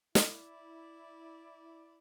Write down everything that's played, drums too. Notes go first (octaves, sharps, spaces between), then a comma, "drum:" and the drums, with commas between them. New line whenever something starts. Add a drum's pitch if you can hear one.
E4 D5, drum: snare